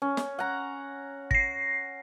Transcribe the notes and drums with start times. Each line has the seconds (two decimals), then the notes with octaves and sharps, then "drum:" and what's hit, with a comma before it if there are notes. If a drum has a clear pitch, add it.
0.02 C#4
0.17 drum: snare
0.39 F#5 A#5
1.31 A#6 C7, drum: kick